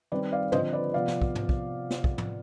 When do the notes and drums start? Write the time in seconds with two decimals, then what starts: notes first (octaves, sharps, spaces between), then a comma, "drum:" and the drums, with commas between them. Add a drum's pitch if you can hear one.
0.12 D#3 G3 C4 B4 D5
0.33 D5 F5
0.52 D3 F3 C4 C5 D#5, drum: tom
0.73 B4 D5
0.93 C3 F3 B3 D5 F5
1.08 drum: snare
1.22 drum: kick
1.35 drum: tom
1.49 drum: kick
1.90 drum: snare
2.04 drum: kick
2.18 drum: tom